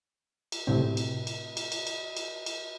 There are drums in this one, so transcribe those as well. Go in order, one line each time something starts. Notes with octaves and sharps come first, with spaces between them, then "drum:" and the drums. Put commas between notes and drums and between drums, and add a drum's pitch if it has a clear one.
drum: cymbal
A2 C3 C4
drum: cymbal
drum: cymbal
drum: cymbal
drum: cymbal
drum: cymbal
drum: cymbal
drum: cymbal